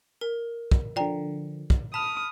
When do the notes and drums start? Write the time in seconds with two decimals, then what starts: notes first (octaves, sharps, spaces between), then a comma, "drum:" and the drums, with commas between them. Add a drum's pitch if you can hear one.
0.21 A#4
0.72 drum: kick
0.96 D3 F3 D5 G5 A#5
1.70 drum: kick
1.94 A5 B5 D#6 F6